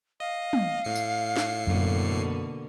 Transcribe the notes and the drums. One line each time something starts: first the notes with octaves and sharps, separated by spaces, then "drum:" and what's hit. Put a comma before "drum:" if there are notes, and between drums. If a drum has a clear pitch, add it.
D#5 F5
drum: tom
A2 C7 C#7
drum: tambourine
drum: snare
F#2 B2 D3 A#3